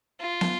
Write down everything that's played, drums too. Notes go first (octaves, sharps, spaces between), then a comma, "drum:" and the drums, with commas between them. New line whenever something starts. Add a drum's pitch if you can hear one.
F4
drum: snare